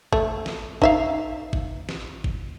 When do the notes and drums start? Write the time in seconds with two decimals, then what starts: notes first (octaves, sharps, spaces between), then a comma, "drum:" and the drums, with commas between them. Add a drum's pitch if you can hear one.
0.13 A3, drum: kick
0.46 drum: snare
0.82 D#4 E5 F5, drum: kick
1.53 drum: kick
1.89 drum: snare
2.24 drum: kick